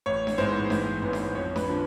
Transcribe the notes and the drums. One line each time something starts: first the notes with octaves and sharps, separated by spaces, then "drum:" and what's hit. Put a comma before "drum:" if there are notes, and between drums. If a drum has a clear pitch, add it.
A1 C#5
drum: snare D4
G#2 E3 G#3 B3 C5
A1, drum: snare D4
G#2 E3 G#3 B3
drum: snare D4
F2 C#5
B4, drum: snare D4
D3 F3